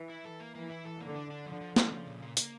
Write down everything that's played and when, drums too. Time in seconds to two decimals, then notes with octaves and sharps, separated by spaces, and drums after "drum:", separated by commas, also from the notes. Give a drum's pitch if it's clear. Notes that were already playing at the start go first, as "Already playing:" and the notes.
Already playing: E3
0.10 E4
0.25 A4
0.40 A#3
0.55 E3 A#3
0.70 E4
0.85 A4
1.00 D3 A#3
1.16 D4
1.31 D4
1.45 D3 F3
1.61 F3
1.76 F3, drum: snare
1.91 C#3 F3
2.06 A#2
2.22 A#3
2.37 A#3, drum: hi-hat